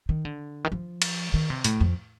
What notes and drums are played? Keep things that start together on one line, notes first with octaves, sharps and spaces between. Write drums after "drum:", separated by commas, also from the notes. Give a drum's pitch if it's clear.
D#3
D3
D#3
F3
drum: cymbal
D#3
C3
A2, drum: hi-hat
F2